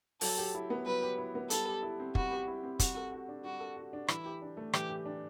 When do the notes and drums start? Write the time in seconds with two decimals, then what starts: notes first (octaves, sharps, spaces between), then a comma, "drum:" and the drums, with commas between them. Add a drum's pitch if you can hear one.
0.21 F#3 A4, drum: open hi-hat
0.38 G4
0.54 E4
0.70 B3
0.86 F#3 B4
1.02 G4
1.18 E4
1.35 B3
1.50 G3 A4, drum: hi-hat
1.67 G4
1.83 E4
2.00 C4
2.15 G3 F#4, drum: kick
2.31 G4
2.48 E4
2.63 C4
2.79 G3 F#4, drum: kick, hi-hat
2.96 A4
3.12 F#4
3.28 D4
3.44 G3 F#4
3.60 A4
3.77 F#4
3.93 D4
4.08 E3 E4, drum: rim click
4.25 G4
4.42 D4
4.57 A3
4.73 E3 G4, drum: rim click
4.90 G4
5.06 D4